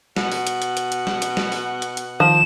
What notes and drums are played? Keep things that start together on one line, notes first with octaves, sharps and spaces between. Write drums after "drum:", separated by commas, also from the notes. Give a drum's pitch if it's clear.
B2 F#5, drum: snare
drum: open hi-hat
drum: hi-hat
drum: hi-hat
drum: hi-hat
drum: hi-hat
drum: snare
drum: hi-hat
drum: snare
drum: open hi-hat
drum: hi-hat
drum: hi-hat
D#3 F3 E7